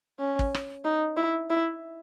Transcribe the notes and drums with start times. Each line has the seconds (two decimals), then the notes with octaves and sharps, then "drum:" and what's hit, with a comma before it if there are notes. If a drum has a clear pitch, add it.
0.20 C#4
0.39 drum: kick
0.54 drum: rim click
0.85 D#4
1.17 E4
1.50 E4